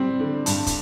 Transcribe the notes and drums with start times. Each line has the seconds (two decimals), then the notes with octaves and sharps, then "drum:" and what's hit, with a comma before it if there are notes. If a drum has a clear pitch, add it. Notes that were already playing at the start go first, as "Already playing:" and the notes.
Already playing: G3 C4
0.20 D3
0.46 G2 A5, drum: hi-hat
0.67 drum: kick, hi-hat